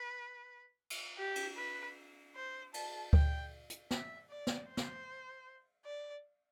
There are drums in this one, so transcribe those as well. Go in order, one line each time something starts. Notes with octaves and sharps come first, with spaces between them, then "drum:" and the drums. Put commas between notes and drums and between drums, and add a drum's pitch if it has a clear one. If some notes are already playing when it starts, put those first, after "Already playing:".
Already playing: B4
drum: cymbal
G4
drum: cymbal
B4
C5
A5, drum: cymbal
G5, drum: kick D2
drum: hi-hat
E5, drum: snare
D5
drum: snare
C5
drum: snare
D5